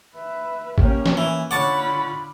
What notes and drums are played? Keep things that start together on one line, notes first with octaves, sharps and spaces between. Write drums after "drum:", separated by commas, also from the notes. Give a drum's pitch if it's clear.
B4 E5
A#3 C#4 G4, drum: kick
drum: snare
E3 G#5
D3 F4 C#5 F#5 A5 B5 C#6 D6